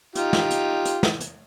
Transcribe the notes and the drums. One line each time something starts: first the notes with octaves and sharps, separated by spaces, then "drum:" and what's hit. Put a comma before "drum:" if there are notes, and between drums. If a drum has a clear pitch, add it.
D#4 F4 G4, drum: hi-hat
drum: snare
drum: hi-hat
drum: hi-hat
drum: snare
drum: hi-hat